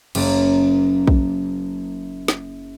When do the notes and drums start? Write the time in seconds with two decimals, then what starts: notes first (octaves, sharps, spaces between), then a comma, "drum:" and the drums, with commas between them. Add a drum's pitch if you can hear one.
0.15 F#1 A#3 A6, drum: cymbal
1.08 drum: kick A#1
2.28 drum: snare